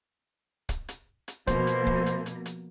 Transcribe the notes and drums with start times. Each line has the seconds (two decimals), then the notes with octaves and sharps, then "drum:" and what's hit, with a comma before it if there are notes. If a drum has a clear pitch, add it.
0.69 drum: kick, hi-hat
0.88 drum: hi-hat
1.28 drum: hi-hat
1.47 B2 F3 A#3 C5, drum: kick, hi-hat
1.67 drum: hi-hat
1.87 drum: kick
2.06 drum: hi-hat
2.26 drum: hi-hat
2.46 drum: hi-hat